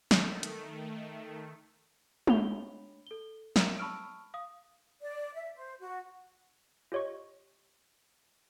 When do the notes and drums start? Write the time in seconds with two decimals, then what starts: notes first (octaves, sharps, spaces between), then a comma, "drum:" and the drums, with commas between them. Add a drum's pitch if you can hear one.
0.11 D#3 A3, drum: snare
0.43 drum: hi-hat
2.27 D4 C#5 B5 F7 G7, drum: tom G#3
3.07 A4 G7
3.56 A#4 E5 A#5, drum: snare
3.79 A5 B5 C#6 E6 F6 D7
4.34 F5 D#6
5.01 D5
5.34 E5
5.56 C5
5.80 F#4
6.92 F4 G4 C#5 D#5 C#6